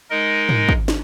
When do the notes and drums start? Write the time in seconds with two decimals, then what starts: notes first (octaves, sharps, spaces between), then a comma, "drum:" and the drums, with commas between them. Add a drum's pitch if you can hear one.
0.10 G#3 D#4 A#4 D#5
0.49 drum: tom G#2
0.69 drum: kick
0.88 drum: snare